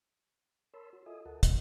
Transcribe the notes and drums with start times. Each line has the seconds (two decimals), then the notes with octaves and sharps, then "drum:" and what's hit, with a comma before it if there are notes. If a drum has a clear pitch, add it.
0.74 A#4 C#5 A5 B5 C6 E6
0.93 F#4
1.06 F4 A4 D#5 E5 G#5 D#6
1.26 D2 A4 A#4 F#5 A5
1.43 G#3 A3 B3 C#4 F4, drum: kick, hi-hat